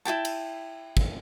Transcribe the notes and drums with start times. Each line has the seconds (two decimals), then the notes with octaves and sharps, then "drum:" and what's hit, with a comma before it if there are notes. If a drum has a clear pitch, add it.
0.05 E4 G#4 G5 A5
0.25 drum: cymbal
0.97 drum: kick